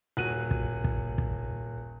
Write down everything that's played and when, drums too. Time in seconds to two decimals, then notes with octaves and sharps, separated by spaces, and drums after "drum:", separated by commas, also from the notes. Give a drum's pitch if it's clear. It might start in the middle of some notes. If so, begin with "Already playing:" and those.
0.17 D#1 F#4 F#6 D#7
0.51 drum: kick
0.84 drum: kick
1.18 drum: kick